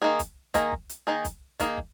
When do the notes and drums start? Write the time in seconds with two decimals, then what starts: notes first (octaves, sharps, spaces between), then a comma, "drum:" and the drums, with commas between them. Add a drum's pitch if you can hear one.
0.02 D#3 A#3 D#4 G#4
0.19 drum: kick, hi-hat
0.54 D#3 A#3 D#4 G#4, drum: kick, hi-hat
0.72 drum: kick
0.89 drum: hi-hat
1.07 D#3 A#3 D#4 G#4
1.25 drum: kick, hi-hat
1.60 D#3 A#3 D#4 G#4, drum: kick, hi-hat
1.77 drum: kick